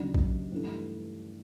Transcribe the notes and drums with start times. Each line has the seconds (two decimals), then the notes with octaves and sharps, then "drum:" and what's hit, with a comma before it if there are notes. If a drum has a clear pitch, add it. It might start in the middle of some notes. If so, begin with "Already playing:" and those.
Already playing: D#2 C#3 F#3 D4
0.14 drum: kick
0.52 G2 E3 A3